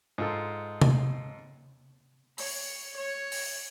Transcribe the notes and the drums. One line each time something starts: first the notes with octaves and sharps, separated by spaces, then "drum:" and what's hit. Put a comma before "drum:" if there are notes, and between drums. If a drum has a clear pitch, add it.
G#2 F4 A4
drum: tom C3
C#5, drum: open hi-hat
C#5
drum: open hi-hat